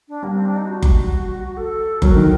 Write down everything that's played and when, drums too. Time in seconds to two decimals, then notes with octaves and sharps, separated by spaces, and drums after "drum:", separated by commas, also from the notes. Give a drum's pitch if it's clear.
0.08 D4
0.23 G3 A#3
0.34 C4
0.45 D4
0.57 D#4
0.68 F#4
0.83 drum: kick F#1
1.57 A4
2.02 F#3 A#4, drum: kick F#1
2.16 D#3